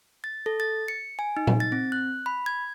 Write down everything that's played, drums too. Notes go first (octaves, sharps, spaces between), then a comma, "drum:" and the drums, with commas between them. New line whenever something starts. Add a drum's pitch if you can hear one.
A6
A4
A6
C#7
G#5
D#4
drum: tom A#2
A6
C4
F#6
B5
G#6